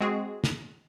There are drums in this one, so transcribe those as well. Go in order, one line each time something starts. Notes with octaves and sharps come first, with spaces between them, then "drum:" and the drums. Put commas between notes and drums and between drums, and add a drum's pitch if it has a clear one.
G#3 C4 F#4 G#4
drum: snare